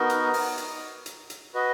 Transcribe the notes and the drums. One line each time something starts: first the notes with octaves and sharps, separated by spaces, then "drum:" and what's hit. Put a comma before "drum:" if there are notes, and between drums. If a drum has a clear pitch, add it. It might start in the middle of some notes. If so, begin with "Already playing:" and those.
Already playing: B3 D#4 F#4 A#4 D#5
drum: hi-hat
drum: open hi-hat
drum: hi-hat
drum: hi-hat
drum: hi-hat
F#4 B4 D#5